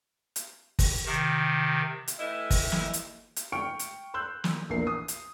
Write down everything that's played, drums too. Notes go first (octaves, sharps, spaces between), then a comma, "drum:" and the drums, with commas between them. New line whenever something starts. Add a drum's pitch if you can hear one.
drum: hi-hat
drum: kick, open hi-hat
C3 D#3
drum: hi-hat
A2 E3 E4 D#5 E5
drum: kick, open hi-hat
drum: snare
drum: hi-hat
drum: hi-hat
G5 C#6 F6 C#7 D7
drum: hi-hat
C6 E6 F#6 G6
drum: snare
A#1 E2 A#4 C7
D#6
drum: hi-hat